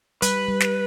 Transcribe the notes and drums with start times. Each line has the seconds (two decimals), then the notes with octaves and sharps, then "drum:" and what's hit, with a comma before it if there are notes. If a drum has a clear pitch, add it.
0.22 G3 B4, drum: hi-hat
0.48 G3
0.60 drum: snare